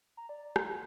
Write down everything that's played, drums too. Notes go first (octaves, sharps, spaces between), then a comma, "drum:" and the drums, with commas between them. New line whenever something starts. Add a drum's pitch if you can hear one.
A#5
D5
A#5, drum: rim click